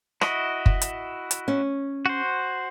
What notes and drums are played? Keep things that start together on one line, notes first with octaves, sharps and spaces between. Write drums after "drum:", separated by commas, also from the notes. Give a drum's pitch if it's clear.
E4 F#4 D#5, drum: rim click
drum: kick
drum: hi-hat
drum: hi-hat
C#4
F#4 C5